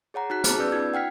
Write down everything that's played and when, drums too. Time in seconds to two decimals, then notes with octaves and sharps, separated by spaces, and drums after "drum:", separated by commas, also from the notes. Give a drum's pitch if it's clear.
0.14 G#4 C#5 F#5 A#5
0.30 D#4 F#4 F#6 B6
0.44 G#4 A5 F6, drum: hi-hat
0.58 B3 C#4 B4 D5 E6 G6
0.72 D#4 F4 G#6
0.94 F#5 G5 F6 B6